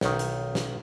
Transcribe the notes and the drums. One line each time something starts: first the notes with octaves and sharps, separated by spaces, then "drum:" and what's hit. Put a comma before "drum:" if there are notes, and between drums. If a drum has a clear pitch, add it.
B1 D#3, drum: snare
drum: hi-hat
drum: snare